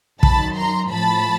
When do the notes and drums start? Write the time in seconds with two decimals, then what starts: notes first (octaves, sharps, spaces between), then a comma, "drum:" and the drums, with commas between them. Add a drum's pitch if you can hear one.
0.23 F#2 D#3 A5 B5, drum: kick
0.57 A#5 C6
0.91 A2 F3 A5 B5